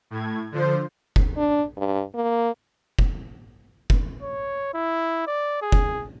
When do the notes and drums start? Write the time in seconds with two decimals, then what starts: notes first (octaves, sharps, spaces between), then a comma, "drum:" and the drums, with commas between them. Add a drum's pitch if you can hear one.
0.10 A2 G#6
0.52 D3 F3 C5
1.16 drum: kick F1
1.37 D4
1.77 G2
2.15 A#3
2.99 drum: kick F1
3.90 drum: kick F1
4.22 C#5
4.74 E4
5.27 D5
5.62 G#4
5.72 drum: kick F1